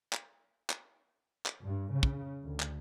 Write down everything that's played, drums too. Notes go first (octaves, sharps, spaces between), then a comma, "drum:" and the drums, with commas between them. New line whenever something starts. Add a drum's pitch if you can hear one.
drum: clap
drum: clap
drum: clap
G2
C#3
drum: kick
D2
drum: clap